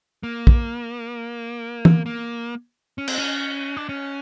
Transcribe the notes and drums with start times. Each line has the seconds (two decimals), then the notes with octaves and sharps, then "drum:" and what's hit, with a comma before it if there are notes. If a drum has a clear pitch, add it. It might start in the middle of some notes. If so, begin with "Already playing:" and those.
0.23 A#3
0.47 drum: kick
1.85 drum: tom
2.06 A#3
2.98 C#4
3.08 C4, drum: cymbal
3.18 C#4
3.77 D4
3.89 C#4